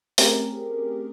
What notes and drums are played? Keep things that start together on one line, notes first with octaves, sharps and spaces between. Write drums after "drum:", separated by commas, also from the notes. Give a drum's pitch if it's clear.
A3 C4 C#4 G4 G#4 A#4, drum: open hi-hat